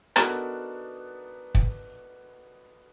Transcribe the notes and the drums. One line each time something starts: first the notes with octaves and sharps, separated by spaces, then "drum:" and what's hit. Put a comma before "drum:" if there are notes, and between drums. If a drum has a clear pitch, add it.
B3 D4 D#4 F#4 A4 A#4, drum: rim click
drum: kick